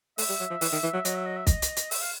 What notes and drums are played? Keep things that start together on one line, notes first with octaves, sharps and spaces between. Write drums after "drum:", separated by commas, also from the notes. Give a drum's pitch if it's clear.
A3 E5, drum: open hi-hat
G3
F#3
F3
E3, drum: open hi-hat
D#3
E3
F#3
F#3 D#5, drum: hi-hat
E5
D#5
E5
D#5, drum: kick, hi-hat
drum: hi-hat
drum: hi-hat
E5, drum: open hi-hat
F5